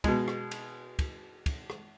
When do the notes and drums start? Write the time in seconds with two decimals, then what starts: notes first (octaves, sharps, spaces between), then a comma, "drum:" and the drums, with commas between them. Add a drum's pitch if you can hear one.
0.04 B2 G#3, drum: kick, cymbal
0.28 drum: rim click
0.51 drum: cymbal
0.99 drum: kick, cymbal
1.46 drum: kick, cymbal
1.70 drum: rim click